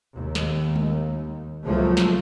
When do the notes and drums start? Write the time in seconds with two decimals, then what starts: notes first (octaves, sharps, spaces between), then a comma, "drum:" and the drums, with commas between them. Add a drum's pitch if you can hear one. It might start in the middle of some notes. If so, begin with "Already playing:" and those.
0.15 D#2
0.35 drum: snare
0.76 drum: tom G3
1.62 C#2 F3 F#3 A3 A#3
1.97 drum: snare